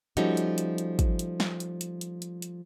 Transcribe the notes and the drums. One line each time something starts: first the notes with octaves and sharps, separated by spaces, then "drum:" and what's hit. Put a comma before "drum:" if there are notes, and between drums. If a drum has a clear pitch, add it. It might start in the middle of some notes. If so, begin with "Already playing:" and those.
F3 G3 A3 C#4 D#4 F#4, drum: hi-hat
drum: hi-hat
drum: hi-hat
drum: hi-hat
drum: kick, hi-hat
drum: hi-hat
drum: snare
drum: hi-hat
drum: hi-hat
drum: hi-hat
drum: hi-hat
drum: hi-hat